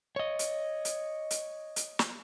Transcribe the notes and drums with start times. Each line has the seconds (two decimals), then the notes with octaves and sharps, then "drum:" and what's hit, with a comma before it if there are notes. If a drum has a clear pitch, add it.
0.16 C#5 D#5
0.39 drum: hi-hat
0.85 drum: hi-hat
1.31 drum: hi-hat
1.76 drum: hi-hat
1.99 drum: snare